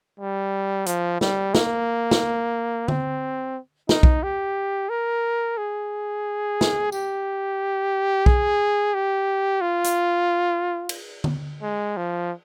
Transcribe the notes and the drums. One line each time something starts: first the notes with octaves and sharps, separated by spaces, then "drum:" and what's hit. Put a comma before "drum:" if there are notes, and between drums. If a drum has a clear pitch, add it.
G3
F3, drum: hi-hat
G3, drum: snare
A#3, drum: snare
drum: snare
C4, drum: tom D3
D#4, drum: snare
drum: kick B1
G4
A#4
G#4
drum: snare
G4, drum: tambourine
G#4, drum: kick B1
G4
F4
drum: hi-hat
drum: cymbal
drum: tom D3
G#3
F3